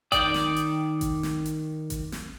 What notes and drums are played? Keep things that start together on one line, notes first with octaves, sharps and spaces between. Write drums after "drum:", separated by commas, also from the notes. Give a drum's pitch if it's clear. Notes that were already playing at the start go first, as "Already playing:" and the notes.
D#3 D5 G5 D#6 G6, drum: kick G#1, hi-hat
drum: snare
drum: hi-hat
drum: kick G#1, hi-hat
drum: snare
drum: hi-hat
drum: kick G#1, hi-hat
drum: snare